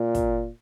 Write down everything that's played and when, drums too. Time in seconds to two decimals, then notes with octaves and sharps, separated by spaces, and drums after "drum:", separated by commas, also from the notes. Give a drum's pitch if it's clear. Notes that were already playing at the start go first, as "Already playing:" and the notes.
Already playing: A#2
0.15 drum: kick, hi-hat